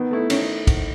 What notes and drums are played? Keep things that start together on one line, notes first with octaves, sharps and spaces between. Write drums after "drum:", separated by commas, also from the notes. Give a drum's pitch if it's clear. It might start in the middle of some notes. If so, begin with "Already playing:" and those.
Already playing: D#3 B3
A3 E4 A4
D#3 C#4, drum: cymbal
drum: kick, cymbal